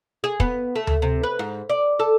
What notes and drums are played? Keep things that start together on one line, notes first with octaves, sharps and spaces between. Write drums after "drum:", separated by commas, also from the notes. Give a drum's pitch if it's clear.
G#4
B3, drum: kick
A3
drum: tom D2
C3
B4
G#2
D5
A4